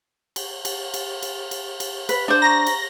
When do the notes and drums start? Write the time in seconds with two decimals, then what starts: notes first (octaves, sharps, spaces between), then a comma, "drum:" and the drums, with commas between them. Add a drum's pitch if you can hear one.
0.36 drum: cymbal
0.65 drum: cymbal
0.94 drum: cymbal
1.22 drum: cymbal
1.51 drum: cymbal
1.80 drum: cymbal
2.09 B4, drum: cymbal
2.28 D4 C5
2.42 A#5 C#6 A#6
2.66 drum: cymbal